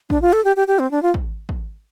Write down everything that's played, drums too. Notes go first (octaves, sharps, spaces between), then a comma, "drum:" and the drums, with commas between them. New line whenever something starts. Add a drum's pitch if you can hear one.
D4, drum: kick
F4
A4
G4
G4
G4
C4
D4
F4
drum: kick
drum: kick